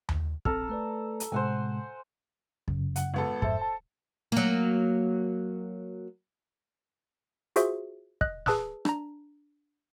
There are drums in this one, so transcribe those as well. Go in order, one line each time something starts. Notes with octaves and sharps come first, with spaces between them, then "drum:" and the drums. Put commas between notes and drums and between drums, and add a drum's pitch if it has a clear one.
drum: tom D#2
A#1 C4 A4 A#5 F6, drum: kick
A3 B4 D5
drum: hi-hat
A2 C3 G#3 C5 F#5 G#5
F#2 C#3, drum: kick
F#5, drum: hi-hat
G#1 B3 A4
F2 G#2 A4 C5 E5, drum: kick
A5
F#3 A#3
F4 F#4 G#4 C5 E5, drum: hi-hat
D#5 F#6, drum: kick
G#4 B4 A5 D#6 E6 F#6, drum: snare
D4 A#5, drum: rim click